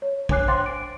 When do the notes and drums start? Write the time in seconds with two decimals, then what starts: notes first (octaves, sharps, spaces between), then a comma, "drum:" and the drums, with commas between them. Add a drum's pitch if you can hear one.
0.02 C#5
0.29 D4 C#5 G#5 D6 F#6 C7, drum: kick
0.47 C5 F5 G5 C6 D6 A6
0.66 D7